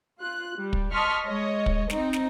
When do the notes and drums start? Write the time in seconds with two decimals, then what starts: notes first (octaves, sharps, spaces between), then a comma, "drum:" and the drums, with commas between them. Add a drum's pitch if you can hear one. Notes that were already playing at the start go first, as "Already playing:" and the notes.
0.19 F4 F#6
0.55 G3
0.73 drum: kick
0.91 D#5 A5 C6 C#6 F6 B6
1.25 G#3 C#5 D#5
1.66 drum: kick
1.90 C4 D#4, drum: snare
2.13 drum: snare